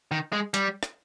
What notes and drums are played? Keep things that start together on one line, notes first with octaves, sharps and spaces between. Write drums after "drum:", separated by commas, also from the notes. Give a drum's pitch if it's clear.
D#3
G#3
G3, drum: hi-hat
drum: rim click